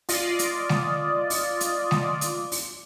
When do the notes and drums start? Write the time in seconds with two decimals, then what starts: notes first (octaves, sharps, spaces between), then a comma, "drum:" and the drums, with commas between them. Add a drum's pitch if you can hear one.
0.09 F4 D5 D#5, drum: open hi-hat
0.39 drum: hi-hat
0.69 drum: snare G#3
1.30 drum: open hi-hat
1.60 drum: hi-hat
1.91 drum: snare G#3
2.21 drum: hi-hat
2.52 drum: open hi-hat